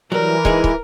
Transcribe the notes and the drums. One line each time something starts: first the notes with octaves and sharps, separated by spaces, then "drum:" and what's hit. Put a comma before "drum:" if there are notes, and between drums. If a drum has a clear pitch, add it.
E3 F#3 G3 A#4
G#3 D#4 G#4, drum: kick
drum: kick